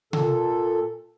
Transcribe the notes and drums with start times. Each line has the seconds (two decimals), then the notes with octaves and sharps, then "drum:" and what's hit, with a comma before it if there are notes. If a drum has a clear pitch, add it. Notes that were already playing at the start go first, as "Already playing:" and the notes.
0.13 A#2 A4, drum: tom C3